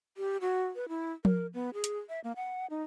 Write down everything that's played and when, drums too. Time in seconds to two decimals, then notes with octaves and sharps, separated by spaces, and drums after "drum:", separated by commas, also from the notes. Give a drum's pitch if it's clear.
0.17 G4
0.41 F#4
0.76 B4
0.89 E4
1.25 A#4, drum: tom F3
1.54 B3
1.74 G#4
1.84 drum: hi-hat
2.09 E5
2.24 A#3
2.36 F#5
2.70 D#4